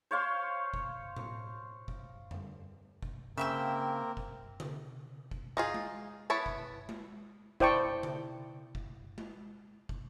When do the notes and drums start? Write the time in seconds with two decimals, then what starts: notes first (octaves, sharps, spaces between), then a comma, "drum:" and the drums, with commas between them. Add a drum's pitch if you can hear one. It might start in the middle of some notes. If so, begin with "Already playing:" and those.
0.11 C5 C#5 F5 C6
0.74 drum: kick
1.16 drum: tom A2
1.88 drum: kick
2.31 drum: tom F2
3.02 drum: kick
3.38 C#3 A#3 C4 A#4 E5 G5 E6
4.17 drum: kick
4.60 drum: tom C#3
5.31 drum: kick
5.57 D#4 F4 G#4
5.74 drum: tom G#3
6.30 B3 E4 C#5 A5
6.46 drum: kick
6.89 drum: tom G#3
7.60 E4 C5 D5 G5 A5 C#6, drum: kick
8.03 drum: tom C#3
8.75 drum: kick
9.18 drum: tom G#3
9.89 drum: kick